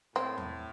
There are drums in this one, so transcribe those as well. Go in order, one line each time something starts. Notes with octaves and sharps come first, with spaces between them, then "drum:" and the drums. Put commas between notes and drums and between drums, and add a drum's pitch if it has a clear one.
A2 C4, drum: snare
drum: tom E2